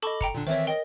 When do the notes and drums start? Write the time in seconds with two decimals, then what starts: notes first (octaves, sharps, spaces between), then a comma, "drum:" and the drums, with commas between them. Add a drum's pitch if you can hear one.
0.03 A4 D#5 A5 B5 C#6 D6
0.21 G5 A#5 C#7, drum: kick
0.35 A#2 D3 D4
0.47 D#3 E3 C4 C5 C#5 E5
0.67 A#4 D#5 G5